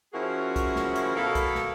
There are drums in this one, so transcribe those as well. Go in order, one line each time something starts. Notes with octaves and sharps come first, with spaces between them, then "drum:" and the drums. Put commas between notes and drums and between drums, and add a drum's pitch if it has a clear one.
F3 C#4 E4 F#4 G#4 A#4
drum: kick, hi-hat
drum: snare
drum: hi-hat
B2 E4 A4 A#4 F5
drum: kick, hi-hat
drum: snare